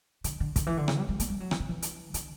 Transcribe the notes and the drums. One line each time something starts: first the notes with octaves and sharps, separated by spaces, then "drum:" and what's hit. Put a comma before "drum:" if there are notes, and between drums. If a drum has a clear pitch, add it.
D3, drum: hi-hat
D3
D3, drum: kick, hi-hat
E3
D3
C#3, drum: rim click
G3
G3
A#3, drum: hi-hat
G3
F#3
E3, drum: rim click
D3
E3
drum: hi-hat
D3, drum: hi-hat